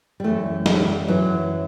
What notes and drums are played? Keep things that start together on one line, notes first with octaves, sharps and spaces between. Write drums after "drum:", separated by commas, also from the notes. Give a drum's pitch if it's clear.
G3
F#2 E3 A3
G3, drum: snare
F#3
G3
F#2 E3 F#3